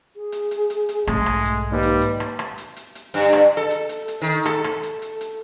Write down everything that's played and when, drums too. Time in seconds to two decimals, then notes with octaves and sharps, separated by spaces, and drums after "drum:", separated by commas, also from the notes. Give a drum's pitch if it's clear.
0.16 G#4
0.32 drum: hi-hat
0.51 drum: hi-hat
0.70 drum: hi-hat
0.89 drum: hi-hat
1.07 B1 G#2 G#3 A3, drum: rim click
1.26 drum: rim click
1.45 drum: hi-hat
1.72 D#2 G3 B4
1.83 drum: hi-hat
2.01 drum: hi-hat
2.20 drum: rim click
2.39 drum: rim click
2.58 drum: hi-hat
2.76 drum: hi-hat
2.95 drum: hi-hat
3.14 G2, drum: hi-hat
3.33 drum: rim click
3.57 A4
3.70 drum: hi-hat
3.89 drum: hi-hat
4.08 drum: hi-hat
4.22 D#3
4.46 A4, drum: rim click
4.64 drum: rim click
4.83 drum: hi-hat
5.02 drum: hi-hat
5.21 drum: hi-hat